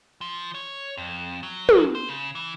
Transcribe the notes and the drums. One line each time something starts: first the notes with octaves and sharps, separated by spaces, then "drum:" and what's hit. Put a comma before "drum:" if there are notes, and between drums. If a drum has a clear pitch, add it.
F3
C#5
F2
F#3
drum: tom
C5
C#3
E3